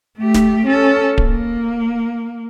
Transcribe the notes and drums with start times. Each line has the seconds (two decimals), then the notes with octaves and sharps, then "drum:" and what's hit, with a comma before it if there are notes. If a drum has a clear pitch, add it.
0.18 A3 G4
0.34 drum: snare
0.66 C#4 A4
1.18 A#3, drum: kick D1